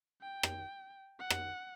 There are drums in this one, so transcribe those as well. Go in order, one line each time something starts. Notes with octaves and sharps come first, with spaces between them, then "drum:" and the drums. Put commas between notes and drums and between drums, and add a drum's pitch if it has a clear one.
G5
drum: rim click
F#5
drum: rim click